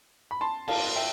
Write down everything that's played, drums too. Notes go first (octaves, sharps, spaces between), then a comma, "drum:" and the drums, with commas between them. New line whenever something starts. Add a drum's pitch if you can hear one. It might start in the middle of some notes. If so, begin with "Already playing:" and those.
B5
A5 C6
F5 A5, drum: cymbal
E5 G5